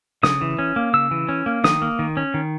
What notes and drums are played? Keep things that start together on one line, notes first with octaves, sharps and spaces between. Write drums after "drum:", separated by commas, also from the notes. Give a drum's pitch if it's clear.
C#3 D#6, drum: snare
E3
C#4
A#3
C#3 E6
E3
C#4
A#3
D#3 D#6, drum: snare
A#3
D#3
C#4
D#3